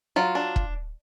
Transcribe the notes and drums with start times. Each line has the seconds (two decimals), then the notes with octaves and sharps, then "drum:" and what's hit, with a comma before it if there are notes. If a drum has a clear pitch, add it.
0.16 F#3 F4
0.35 D4
0.56 drum: kick